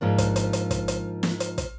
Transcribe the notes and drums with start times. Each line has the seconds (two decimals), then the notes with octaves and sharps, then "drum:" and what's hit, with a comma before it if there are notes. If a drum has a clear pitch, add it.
0.01 G#2 F3 A#3 D4
0.18 drum: kick, hi-hat
0.36 drum: hi-hat
0.53 drum: hi-hat
0.71 drum: kick, hi-hat
0.88 drum: hi-hat
1.23 drum: snare
1.40 drum: hi-hat
1.58 drum: kick, hi-hat